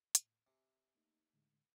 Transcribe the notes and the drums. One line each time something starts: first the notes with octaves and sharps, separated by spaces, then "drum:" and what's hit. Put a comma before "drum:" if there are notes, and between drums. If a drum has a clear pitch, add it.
A2, drum: hi-hat
C3 G#5
A3 A#3 D#4
A2 D3 G#3